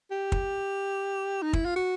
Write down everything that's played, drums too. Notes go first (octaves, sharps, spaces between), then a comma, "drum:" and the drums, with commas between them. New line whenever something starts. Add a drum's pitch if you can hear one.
G4
drum: kick
D#4
E4, drum: kick
F4
F#4